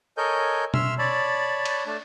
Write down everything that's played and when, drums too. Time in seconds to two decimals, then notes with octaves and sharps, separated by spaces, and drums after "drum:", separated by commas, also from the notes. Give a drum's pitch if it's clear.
0.17 A4 A#4 C#5 D#5 G#5 G6
0.74 E5 C6 E6 F6, drum: tom B2
0.99 C#5 D5 A5 B5
1.65 drum: cymbal
1.86 A3 D4 A5